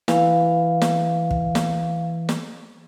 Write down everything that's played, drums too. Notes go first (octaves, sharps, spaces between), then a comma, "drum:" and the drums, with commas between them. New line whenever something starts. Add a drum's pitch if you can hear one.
E3 F5, drum: snare
drum: snare
drum: kick
drum: snare
drum: snare